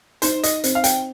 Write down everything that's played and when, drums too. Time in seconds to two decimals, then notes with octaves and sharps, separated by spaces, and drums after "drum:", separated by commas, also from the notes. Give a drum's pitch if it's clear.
0.22 D#4 C5, drum: hi-hat
0.43 D#5, drum: hi-hat
0.64 C4, drum: hi-hat
0.75 F5
0.84 G5, drum: hi-hat